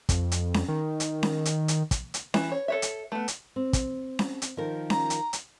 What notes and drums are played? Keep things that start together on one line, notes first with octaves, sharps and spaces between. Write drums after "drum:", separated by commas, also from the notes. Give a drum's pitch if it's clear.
F2, drum: kick, hi-hat
drum: hi-hat
drum: snare C#4
D#3
drum: hi-hat
drum: snare C#4
drum: hi-hat
drum: hi-hat
drum: kick, hi-hat
drum: hi-hat
E3 E4, drum: snare C#4
C#5
A4 C#5 E5
drum: hi-hat
A3 B3
drum: hi-hat
C4
drum: kick, hi-hat
drum: snare C#4
drum: hi-hat
D#3 F3 A#4
A#5, drum: snare C#4
drum: hi-hat
drum: hi-hat